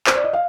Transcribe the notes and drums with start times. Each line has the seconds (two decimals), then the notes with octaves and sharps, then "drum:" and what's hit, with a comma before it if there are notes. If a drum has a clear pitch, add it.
0.07 C5, drum: clap
0.15 D5
0.24 D#5
0.33 F5